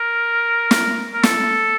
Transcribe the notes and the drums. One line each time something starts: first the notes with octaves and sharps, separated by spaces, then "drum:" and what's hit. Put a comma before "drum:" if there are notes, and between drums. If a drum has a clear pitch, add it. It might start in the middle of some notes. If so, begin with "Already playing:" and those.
Already playing: A#4
drum: snare
A#4
A4, drum: snare